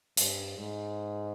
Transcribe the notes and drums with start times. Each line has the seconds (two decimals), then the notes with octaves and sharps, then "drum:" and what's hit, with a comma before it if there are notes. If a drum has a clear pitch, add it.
0.17 G2, drum: hi-hat
0.57 G#2